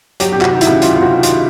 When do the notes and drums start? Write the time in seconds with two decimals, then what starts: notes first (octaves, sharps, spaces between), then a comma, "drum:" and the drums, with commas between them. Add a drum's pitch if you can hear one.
0.20 F#3 G4, drum: hi-hat
0.32 C3 G4
0.41 F#4, drum: clap
0.51 D#3
0.61 E4, drum: hi-hat
0.67 C#2
0.82 F#3 F4, drum: hi-hat
0.95 F4
0.97 C3 F#4
1.12 D#3
1.23 F4, drum: hi-hat